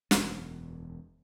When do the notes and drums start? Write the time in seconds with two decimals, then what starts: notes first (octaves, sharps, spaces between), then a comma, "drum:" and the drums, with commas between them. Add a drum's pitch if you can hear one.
0.11 E1 F#2, drum: snare